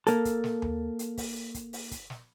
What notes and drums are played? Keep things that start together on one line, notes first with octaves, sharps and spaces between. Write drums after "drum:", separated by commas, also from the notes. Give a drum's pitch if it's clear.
A#3 A4, drum: hi-hat
drum: kick, hi-hat
drum: snare
drum: tom D#2
drum: hi-hat
drum: kick, open hi-hat
drum: kick, hi-hat
drum: open hi-hat
drum: kick, hi-hat
drum: snare